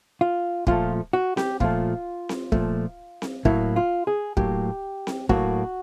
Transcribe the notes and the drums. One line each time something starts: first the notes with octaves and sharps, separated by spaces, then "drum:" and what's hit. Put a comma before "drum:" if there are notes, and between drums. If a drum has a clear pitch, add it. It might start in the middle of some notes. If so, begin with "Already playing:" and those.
F4
A#2 F3 A3 F4, drum: kick
F#4
G4, drum: snare C4
A#2 F3 A3 F4, drum: kick
drum: snare C4
A#2 F3 A3, drum: kick
drum: snare C4
A2 F#3 A#3 E4, drum: kick
F4
G#4
A2 F#3 A#3 G4, drum: kick
drum: snare C4
A2 F#3 A#3 F#4, drum: kick